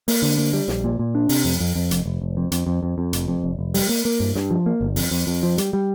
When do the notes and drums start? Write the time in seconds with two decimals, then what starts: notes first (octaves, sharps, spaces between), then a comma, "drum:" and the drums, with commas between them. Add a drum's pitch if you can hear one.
0.08 A#3, drum: open hi-hat
0.22 D3
0.38 A#3
0.53 G3
0.68 A#1, drum: snare
0.84 A#2
0.99 A#2
1.15 D4
1.29 C3, drum: open hi-hat
1.45 F2
1.60 F2
1.75 F2
1.91 F1, drum: hi-hat
2.06 F1
2.22 F1
2.37 F2
2.52 F2, drum: hi-hat
2.67 F2
2.83 F2
2.98 F2
3.13 F1, drum: hi-hat
3.28 F2
3.44 F1
3.59 F1
3.74 G3, drum: open hi-hat
3.89 A#3
4.05 A#3
4.20 G2
4.36 G2, drum: snare
4.51 F3
4.66 A#3
4.81 G1
4.96 F2, drum: open hi-hat
5.11 F2
5.27 F2
5.43 F3
5.58 G3, drum: hi-hat
5.73 G3